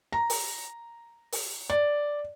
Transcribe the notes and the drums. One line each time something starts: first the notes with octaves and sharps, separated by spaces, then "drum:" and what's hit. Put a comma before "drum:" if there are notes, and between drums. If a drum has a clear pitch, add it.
A#5
drum: open hi-hat
drum: open hi-hat
D5